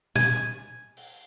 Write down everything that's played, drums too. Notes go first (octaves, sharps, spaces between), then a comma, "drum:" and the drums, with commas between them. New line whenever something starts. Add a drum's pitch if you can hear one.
G#5, drum: tom A#2
drum: open hi-hat